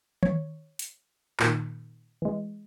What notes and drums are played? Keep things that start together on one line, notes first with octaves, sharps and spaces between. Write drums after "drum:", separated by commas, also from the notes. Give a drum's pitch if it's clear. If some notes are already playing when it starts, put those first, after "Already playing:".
C#5, drum: tom D#3
drum: hi-hat
A#2 D#3, drum: clap
E3 G#3